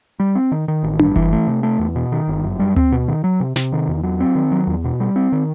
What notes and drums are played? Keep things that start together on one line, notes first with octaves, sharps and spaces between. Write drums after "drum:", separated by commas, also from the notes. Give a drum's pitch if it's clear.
G3
C4
D#3
D#3
A1
G2, drum: tom D4
E3, drum: kick F#1
A3
C3
A3
E2
B2
D#3
G1
F#2
G3
C4, drum: tom D2
B2
D#3
F#3
C3
C3, drum: snare
D#3
E2
F#3
C4
D#3
F#3
E2
B2
G3
C4
D#3